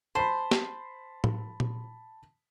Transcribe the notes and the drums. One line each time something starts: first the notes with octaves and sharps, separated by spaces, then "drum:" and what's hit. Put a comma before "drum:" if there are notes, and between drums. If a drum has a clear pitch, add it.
C5 A5 B5
drum: snare
drum: tom A2
drum: tom A#2